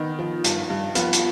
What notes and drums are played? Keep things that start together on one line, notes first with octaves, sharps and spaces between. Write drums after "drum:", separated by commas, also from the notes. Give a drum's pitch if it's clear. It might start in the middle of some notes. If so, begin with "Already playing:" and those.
Already playing: D#3 B3 D#4
F3
G2, drum: hi-hat
G2
F3 B3 F4, drum: hi-hat
drum: hi-hat